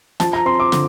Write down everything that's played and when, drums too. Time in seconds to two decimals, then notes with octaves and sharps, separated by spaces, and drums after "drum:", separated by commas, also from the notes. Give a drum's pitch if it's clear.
0.20 F3 A5, drum: snare
0.33 A#5
0.45 C4 C6
0.60 D6
0.72 D3, drum: snare